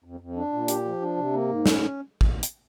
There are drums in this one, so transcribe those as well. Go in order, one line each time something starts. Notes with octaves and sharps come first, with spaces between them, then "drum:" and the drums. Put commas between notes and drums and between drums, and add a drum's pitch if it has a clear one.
F2
F2
D4
A#2
G4, drum: hi-hat
F3
D4
C3
A#3
G#2
C#4, drum: snare
drum: kick
drum: hi-hat